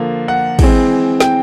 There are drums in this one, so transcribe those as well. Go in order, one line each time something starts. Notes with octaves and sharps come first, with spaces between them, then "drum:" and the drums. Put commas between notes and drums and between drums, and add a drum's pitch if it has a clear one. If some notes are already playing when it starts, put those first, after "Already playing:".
Already playing: D3 F3 A#3
F#5
E3 G#3 C4, drum: kick, cymbal
G5, drum: snare